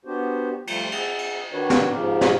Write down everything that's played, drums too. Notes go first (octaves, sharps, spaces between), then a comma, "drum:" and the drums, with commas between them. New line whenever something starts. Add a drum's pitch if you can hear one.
B3 D4 F#4 G4 C5
F3 G3 A3 F4, drum: cymbal
G#4 E5 F#5, drum: cymbal
drum: cymbal
D#3 D4 F#4 B4 C#5
drum: snare
G#2 C#3 F3 G4 A#4
drum: snare